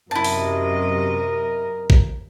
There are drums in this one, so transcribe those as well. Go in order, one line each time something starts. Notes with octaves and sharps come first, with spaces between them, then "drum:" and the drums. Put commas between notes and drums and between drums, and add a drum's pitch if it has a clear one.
F#2 C3 E4 A#4 D#5 A5
drum: open hi-hat
drum: kick